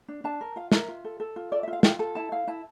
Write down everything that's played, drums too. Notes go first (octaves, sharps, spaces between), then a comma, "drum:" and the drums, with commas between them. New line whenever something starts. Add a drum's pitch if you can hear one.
D4
D4 A5
A#4
F4 F5
A#4 E5, drum: snare
F4
A4
A4
F4
A4 D5
E5
F4
F5
F4 G5, drum: snare
A4
E4 A5
E4 F5
E4 A5